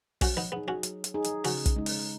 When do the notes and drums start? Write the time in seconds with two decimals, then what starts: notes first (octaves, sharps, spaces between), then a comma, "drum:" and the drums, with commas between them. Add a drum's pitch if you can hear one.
0.21 F#3 C#4 F#4, drum: kick, open hi-hat
0.37 B3 D#4
0.52 B3 D#4 G#4
0.68 C#4 F#4
0.83 F#3, drum: hi-hat
1.04 drum: hi-hat
1.14 D#4 G#4
1.24 drum: hi-hat
1.44 C#3 C#4 F#4, drum: open hi-hat
1.66 drum: kick, hi-hat
1.76 G#3 D#4
1.86 drum: open hi-hat